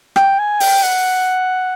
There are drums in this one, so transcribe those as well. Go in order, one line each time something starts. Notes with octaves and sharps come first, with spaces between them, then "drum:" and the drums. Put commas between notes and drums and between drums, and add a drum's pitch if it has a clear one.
G5, drum: rim click
G#5
G5, drum: open hi-hat
F#5